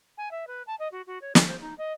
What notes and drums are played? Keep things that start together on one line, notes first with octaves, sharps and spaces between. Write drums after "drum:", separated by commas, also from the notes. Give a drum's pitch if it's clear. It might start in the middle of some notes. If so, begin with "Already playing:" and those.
G#5
E5
B4
A5
D#5
F#4
F#4
C#5
E4, drum: snare
C5
D#4
D#5